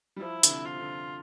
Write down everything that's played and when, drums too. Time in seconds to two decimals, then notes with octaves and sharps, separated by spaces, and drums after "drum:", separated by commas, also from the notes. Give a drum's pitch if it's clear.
0.16 G3
0.21 F3 E4
0.43 D3, drum: hi-hat
0.50 C3
0.65 F4
0.80 D3